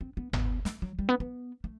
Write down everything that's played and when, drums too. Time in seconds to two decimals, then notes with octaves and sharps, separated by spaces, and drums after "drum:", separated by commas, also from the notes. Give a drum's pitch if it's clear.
0.01 C4
0.17 B3
0.33 B3, drum: tom G1
0.65 A3, drum: snare
0.82 F#3
0.99 G3
1.09 B3
1.20 B3
1.64 A3